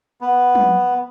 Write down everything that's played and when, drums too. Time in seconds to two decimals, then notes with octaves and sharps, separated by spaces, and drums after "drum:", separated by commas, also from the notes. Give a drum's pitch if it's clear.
0.21 B3
0.55 drum: tom